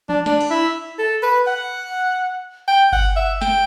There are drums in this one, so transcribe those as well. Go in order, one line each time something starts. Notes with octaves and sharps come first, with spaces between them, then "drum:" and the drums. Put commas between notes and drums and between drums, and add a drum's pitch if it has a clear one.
D4, drum: tom
D4, drum: snare
drum: cymbal
E4
A4
B4
F#5
G5
F#5, drum: kick G1
E5
G5, drum: snare